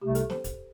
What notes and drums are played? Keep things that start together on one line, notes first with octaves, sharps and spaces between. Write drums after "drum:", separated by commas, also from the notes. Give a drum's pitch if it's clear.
C2 C3 A3 G4
A4, drum: hi-hat
C5, drum: snare
drum: kick, hi-hat